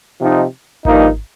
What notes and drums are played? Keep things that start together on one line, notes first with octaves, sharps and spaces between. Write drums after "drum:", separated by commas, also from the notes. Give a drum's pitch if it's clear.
C3 F3 D#4
G2 F3 A#3 D#4, drum: kick G#1